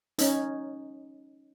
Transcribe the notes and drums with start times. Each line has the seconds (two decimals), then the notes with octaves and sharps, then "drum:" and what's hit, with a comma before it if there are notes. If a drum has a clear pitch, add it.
0.19 C#4 D#4, drum: hi-hat